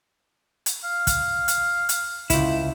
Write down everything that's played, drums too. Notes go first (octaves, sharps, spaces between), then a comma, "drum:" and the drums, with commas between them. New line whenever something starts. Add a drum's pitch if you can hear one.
drum: hi-hat
F5
drum: kick, hi-hat
drum: hi-hat
drum: hi-hat
C#2 E4, drum: kick, hi-hat